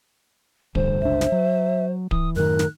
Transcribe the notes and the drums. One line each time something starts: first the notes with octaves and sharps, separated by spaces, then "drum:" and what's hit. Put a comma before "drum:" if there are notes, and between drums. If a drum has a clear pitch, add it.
A1 G2 D3 C5, drum: kick D1
G1 C#2 D4 E5
drum: snare
F#3
E3 D#6, drum: kick D1
F#2 A2 D#3 A#4 F#6
drum: snare